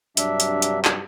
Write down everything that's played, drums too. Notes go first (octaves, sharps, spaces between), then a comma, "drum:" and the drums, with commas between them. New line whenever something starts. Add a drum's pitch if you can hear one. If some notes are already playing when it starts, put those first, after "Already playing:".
G2 C3 F#3 D4 E5, drum: hi-hat
drum: hi-hat
drum: hi-hat
drum: clap